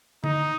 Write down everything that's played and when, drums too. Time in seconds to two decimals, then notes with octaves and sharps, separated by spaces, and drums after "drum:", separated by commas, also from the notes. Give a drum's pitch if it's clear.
0.24 D#4, drum: tom D3